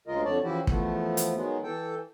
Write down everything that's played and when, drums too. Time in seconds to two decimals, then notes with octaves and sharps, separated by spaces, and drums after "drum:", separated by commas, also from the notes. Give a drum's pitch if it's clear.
0.07 D2 C#3 G#3 F4 A#4 D#5
0.25 F2 D3 C#5 D5 A5
0.44 C#3 E3 F3 E4 F#4 G4
0.67 E2 F3 A3 B3, drum: kick
1.17 drum: hi-hat
1.35 D#3 F#3 G#3 B3
1.63 E3 A4 G5